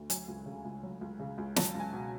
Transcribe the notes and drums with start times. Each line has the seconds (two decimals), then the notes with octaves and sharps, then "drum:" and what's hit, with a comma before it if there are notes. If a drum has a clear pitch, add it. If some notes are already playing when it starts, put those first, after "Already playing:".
Already playing: D2
0.10 F#3 G#5, drum: hi-hat
0.28 C#2
0.46 C#3
0.65 C#2
0.83 F#3
1.01 C#2
1.20 C#3
1.38 C#2
1.56 F#3 A5, drum: snare
1.75 C#2
1.80 G#5
1.93 B2